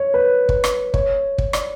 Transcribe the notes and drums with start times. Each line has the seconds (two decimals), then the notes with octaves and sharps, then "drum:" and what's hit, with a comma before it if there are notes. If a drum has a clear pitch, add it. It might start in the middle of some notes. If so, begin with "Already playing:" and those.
Already playing: C#5
0.14 B4
0.49 drum: kick
0.64 drum: rim click
0.94 C#5, drum: kick
1.38 drum: kick
1.53 D5, drum: rim click